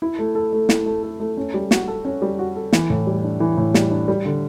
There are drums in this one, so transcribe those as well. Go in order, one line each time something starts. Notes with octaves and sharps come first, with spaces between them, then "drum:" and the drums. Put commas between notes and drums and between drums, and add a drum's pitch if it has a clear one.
E4
A3
A4
A3
E4, drum: snare
A3
A4
A3
C#4
G3
F#4, drum: snare
A4
C#4
G3
F#4
A4
E3, drum: snare
A2
G3
D4
E3
A2
G3, drum: snare
D4
G3
D3